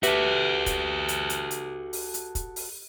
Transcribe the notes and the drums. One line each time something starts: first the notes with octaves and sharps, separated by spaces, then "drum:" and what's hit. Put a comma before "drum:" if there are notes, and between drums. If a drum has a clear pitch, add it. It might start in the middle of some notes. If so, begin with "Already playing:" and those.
F#4 G4 A4 B4 E5, drum: hi-hat
drum: kick, hi-hat
drum: hi-hat
drum: hi-hat
drum: hi-hat
drum: open hi-hat
drum: hi-hat
drum: kick, hi-hat
drum: open hi-hat